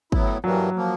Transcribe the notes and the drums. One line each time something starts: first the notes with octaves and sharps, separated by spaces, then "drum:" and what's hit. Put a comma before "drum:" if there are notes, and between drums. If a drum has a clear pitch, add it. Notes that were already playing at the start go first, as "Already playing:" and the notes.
A2 F#3 B3 E4, drum: kick
G2 E3 F#3 G3 A#3
F3 A#3